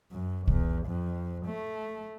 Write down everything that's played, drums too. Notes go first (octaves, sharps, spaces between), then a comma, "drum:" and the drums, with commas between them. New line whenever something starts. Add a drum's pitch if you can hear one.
F#2
E2, drum: kick
F2
A3